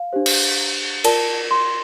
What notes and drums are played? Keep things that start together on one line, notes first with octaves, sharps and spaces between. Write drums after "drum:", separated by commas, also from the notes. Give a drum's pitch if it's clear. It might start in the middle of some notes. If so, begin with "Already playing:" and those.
Already playing: F5
D4 G4 C5
drum: cymbal
F4 A#4 D5 A5, drum: cymbal
C6